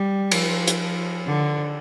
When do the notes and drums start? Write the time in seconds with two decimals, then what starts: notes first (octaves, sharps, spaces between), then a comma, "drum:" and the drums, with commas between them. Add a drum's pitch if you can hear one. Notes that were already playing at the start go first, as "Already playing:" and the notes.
Already playing: G3
0.31 F3, drum: cymbal
0.67 drum: hi-hat
1.26 D3